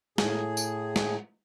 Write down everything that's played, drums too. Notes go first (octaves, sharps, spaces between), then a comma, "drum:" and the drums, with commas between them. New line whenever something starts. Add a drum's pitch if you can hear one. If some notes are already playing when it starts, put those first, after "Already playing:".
A2 G#4, drum: snare
drum: tambourine
drum: snare